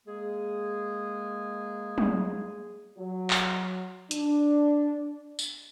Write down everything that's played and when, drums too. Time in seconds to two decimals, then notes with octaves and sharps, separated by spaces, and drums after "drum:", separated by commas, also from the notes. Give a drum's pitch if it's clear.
0.06 G#3 A#3 G#4
1.98 drum: tom F#3
2.98 F#3
3.30 drum: clap
4.11 D4, drum: hi-hat
5.39 drum: tambourine